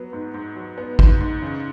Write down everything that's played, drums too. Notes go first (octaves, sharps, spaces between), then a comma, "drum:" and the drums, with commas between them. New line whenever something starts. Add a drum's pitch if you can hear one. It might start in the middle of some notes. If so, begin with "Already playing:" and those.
Already playing: F#3 B3
G#2
G#2
F#3
B3
G#2, drum: kick
G#2
C#3